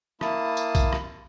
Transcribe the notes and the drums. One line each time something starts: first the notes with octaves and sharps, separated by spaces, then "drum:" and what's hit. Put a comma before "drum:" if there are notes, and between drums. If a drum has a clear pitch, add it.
A#3 E4 A5 D#6, drum: rim click
drum: tambourine
drum: kick, tambourine
drum: rim click